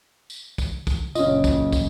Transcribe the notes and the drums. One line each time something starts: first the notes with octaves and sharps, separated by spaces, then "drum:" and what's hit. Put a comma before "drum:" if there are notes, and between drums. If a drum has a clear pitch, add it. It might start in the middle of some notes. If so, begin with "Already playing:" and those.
drum: tambourine
drum: kick, tambourine
drum: kick, tambourine
F#1 A#2 C#3 C#4 F4 D#5, drum: tambourine
drum: kick, tambourine
drum: kick, tambourine